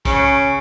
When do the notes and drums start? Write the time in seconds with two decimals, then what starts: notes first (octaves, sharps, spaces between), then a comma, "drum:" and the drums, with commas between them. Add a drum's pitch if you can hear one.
0.05 C#3, drum: kick, hi-hat